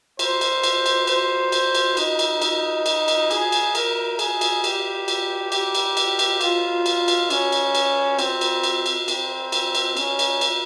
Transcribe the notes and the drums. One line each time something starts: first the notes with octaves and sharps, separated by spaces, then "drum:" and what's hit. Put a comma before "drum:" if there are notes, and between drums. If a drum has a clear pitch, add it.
C5, drum: cymbal
drum: cymbal
drum: cymbal
drum: cymbal
C5, drum: cymbal
drum: cymbal
drum: cymbal
D#4, drum: cymbal
drum: cymbal
D#4, drum: cymbal
drum: cymbal
drum: cymbal
G#4, drum: cymbal
drum: cymbal
A#4, drum: cymbal
G#4, drum: cymbal
drum: cymbal
G4, drum: cymbal
drum: cymbal
G4, drum: cymbal
drum: cymbal
drum: cymbal
drum: cymbal
F4, drum: cymbal
drum: cymbal
drum: cymbal
C#4, drum: cymbal
drum: cymbal
drum: cymbal
C4, drum: cymbal
drum: cymbal
drum: cymbal
drum: cymbal
C4, drum: cymbal
drum: cymbal
drum: cymbal
C#4, drum: cymbal
drum: cymbal
drum: cymbal